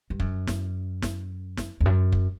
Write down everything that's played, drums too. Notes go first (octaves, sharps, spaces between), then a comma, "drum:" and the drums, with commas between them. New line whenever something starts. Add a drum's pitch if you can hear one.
G2
F#2, drum: kick
drum: snare
drum: snare
drum: snare
E2
F#2
drum: kick